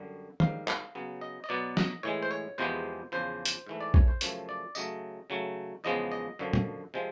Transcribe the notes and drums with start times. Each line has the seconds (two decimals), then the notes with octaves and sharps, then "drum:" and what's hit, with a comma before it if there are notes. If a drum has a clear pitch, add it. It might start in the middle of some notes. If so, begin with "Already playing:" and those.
Already playing: F#2 D3 G3
0.40 G#2 D#3 G3 F5, drum: tom
0.68 F5, drum: clap
0.95 C#3 F#3 B3
1.21 D#5
1.44 D#5
1.49 B2 F#3 B3 D5
1.77 D#5, drum: snare
2.03 A2 E3 G#3 C#5
2.22 C5
2.31 C#5
2.58 E2 C3 F3 G#3 B3 C5
3.12 E2 C#3 F3 C5
3.45 drum: hi-hat
3.66 G#2 E3 A3
3.81 D5
3.94 C#5, drum: kick A#1
4.08 C5
4.21 F#2 C#3 F3 A3 C#5, drum: hi-hat
4.49 D5
4.75 C#3 F#3 A3 D#5, drum: tambourine
5.30 C#3 F#3 A3
5.84 E2 C#3 F3 G#3 B3 D#5
6.12 D#5
6.39 F#2 D3 F3
6.53 drum: tom
6.94 C3 F3 G#3